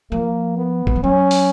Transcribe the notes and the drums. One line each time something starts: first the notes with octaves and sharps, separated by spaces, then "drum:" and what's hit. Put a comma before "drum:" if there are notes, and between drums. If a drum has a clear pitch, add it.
F3 A#3
B3
E3, drum: kick G#1
F3
F#3 C#4
drum: open hi-hat